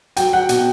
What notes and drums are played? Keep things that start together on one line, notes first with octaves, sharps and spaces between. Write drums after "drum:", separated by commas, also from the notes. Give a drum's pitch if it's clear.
F#3 G5, drum: hi-hat
F#3 F#5
B2, drum: hi-hat